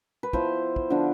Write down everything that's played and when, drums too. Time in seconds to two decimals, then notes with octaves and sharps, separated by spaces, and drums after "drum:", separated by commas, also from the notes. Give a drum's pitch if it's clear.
0.23 B4
0.33 F3 B3 E4 C5, drum: kick
0.76 drum: kick
0.90 D3 F3 B3 D4